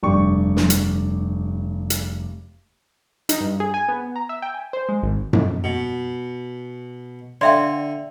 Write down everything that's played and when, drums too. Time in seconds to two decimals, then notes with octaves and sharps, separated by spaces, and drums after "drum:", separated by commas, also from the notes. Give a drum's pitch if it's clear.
0.03 F1 G2 G4 D5 C#6
0.57 drum: snare
0.70 drum: hi-hat
1.90 drum: hi-hat
3.29 D#4, drum: hi-hat
3.40 G2
3.60 G#4
3.74 G#5
3.88 B3
4.16 A#5
4.29 E5
4.42 G5
4.54 G#5
4.73 C5
4.89 G#3
5.02 G#1
5.33 drum: tom F#2
5.64 B2
7.41 D3 D5 E5 F5 G5 C6